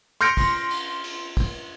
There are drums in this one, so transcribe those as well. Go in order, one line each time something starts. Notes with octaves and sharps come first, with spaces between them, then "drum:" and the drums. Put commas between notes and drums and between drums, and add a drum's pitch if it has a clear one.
C6 F6 G6 A#6 C#7 D7
drum: kick, cymbal
drum: cymbal
drum: cymbal
drum: kick, cymbal